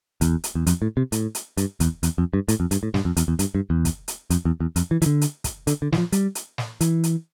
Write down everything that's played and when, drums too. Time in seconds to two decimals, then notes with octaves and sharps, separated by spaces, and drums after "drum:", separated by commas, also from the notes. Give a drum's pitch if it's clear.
0.21 E2, drum: kick, hi-hat
0.44 drum: hi-hat
0.55 E2
0.67 F2, drum: hi-hat
0.82 A2
0.97 C3
1.12 A2, drum: hi-hat
1.35 drum: hi-hat
1.57 G2, drum: hi-hat
1.80 E2, drum: kick, hi-hat
2.03 E2, drum: hi-hat
2.18 F2
2.33 G2
2.48 A2, drum: hi-hat
2.60 F2
2.71 G2, drum: hi-hat
2.83 A2
2.94 G2, drum: snare
3.05 F2
3.17 E2, drum: hi-hat
3.28 E2
3.39 G2, drum: hi-hat
3.55 G2
3.70 E2
3.85 drum: kick, hi-hat
4.08 drum: hi-hat
4.30 F2, drum: hi-hat
4.45 E2
4.60 E2
4.76 F2, drum: hi-hat
4.91 E3
5.02 E3, drum: hi-hat
5.06 D3
5.21 drum: hi-hat
5.44 drum: kick, hi-hat
5.67 D3, drum: hi-hat
5.82 D3
5.93 E3, drum: snare
5.98 F3
6.12 G3, drum: hi-hat
6.35 drum: hi-hat
6.58 drum: snare
6.81 E3, drum: hi-hat
7.04 drum: hi-hat